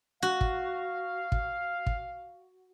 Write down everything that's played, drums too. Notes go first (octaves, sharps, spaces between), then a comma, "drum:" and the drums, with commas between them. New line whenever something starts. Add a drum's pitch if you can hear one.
F#4 F5
drum: kick
drum: kick
drum: kick